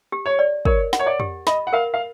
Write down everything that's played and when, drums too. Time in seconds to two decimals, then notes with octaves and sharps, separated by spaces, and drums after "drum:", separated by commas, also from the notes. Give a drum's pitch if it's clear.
0.12 G4
0.26 C#5
0.39 D5
0.65 A#4 C#5, drum: kick
0.93 F#5, drum: snare
0.99 C#5
1.06 D5
1.20 G4, drum: tom
1.47 D#5 B5, drum: snare
1.67 F#5
1.73 A#4 F5
1.94 F5